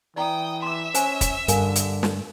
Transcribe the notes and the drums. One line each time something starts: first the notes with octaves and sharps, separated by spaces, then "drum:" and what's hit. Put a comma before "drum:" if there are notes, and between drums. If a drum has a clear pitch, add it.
E3 D5 G5 A#5 D#6
E5 C6 D6 E6
C#4 C5 G#5, drum: hi-hat
drum: kick, hi-hat
G2 D3 A#4 F5 G#5, drum: hi-hat
drum: hi-hat
drum: snare